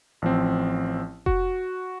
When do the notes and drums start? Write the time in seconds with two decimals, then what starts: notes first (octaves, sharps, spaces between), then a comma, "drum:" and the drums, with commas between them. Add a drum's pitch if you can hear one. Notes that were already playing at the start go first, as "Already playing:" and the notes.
0.22 A1 F3 C4
1.26 F#4, drum: kick F1